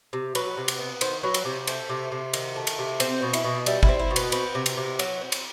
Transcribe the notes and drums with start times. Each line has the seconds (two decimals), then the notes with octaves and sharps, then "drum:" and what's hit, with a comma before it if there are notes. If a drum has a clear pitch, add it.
0.13 C3
0.35 F#3 B4, drum: cymbal
0.57 C3
0.68 drum: cymbal
0.79 B3
1.01 D#3 C5, drum: cymbal
1.23 F#3 B4
1.34 drum: cymbal
1.45 C3 C5
1.67 A3 C5, drum: cymbal
1.89 C3
2.12 C3
2.33 D#3, drum: cymbal
2.56 A3
2.67 drum: cymbal
2.78 C3
3.00 C4 C5, drum: cymbal
3.22 B2
3.33 E4, drum: cymbal
3.44 B2
3.66 G3 E4, drum: cymbal
3.83 E4, drum: kick G1
3.89 C4
3.99 E4
4.11 B2
4.16 B4, drum: cymbal
4.32 C4 B4, drum: cymbal
4.55 C3
4.66 drum: cymbal
4.77 C3
4.99 F#3, drum: cymbal
5.21 C4
5.32 drum: cymbal